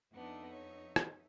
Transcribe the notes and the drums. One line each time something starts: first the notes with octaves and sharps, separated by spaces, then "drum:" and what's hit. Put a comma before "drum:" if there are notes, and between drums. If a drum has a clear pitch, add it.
F2 B3 D4 D#4 E5
C#5
drum: rim click